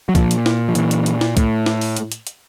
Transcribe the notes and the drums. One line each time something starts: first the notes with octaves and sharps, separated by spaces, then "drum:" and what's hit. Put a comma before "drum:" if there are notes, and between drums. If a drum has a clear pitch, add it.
F#3
A#2 F3, drum: kick, hi-hat
drum: hi-hat
drum: snare E4
F3
A#2 E3, drum: hi-hat
drum: hi-hat
drum: hi-hat
drum: snare E4
A2, drum: kick, hi-hat
drum: snare E4
drum: open hi-hat
drum: hi-hat
drum: hi-hat
drum: hi-hat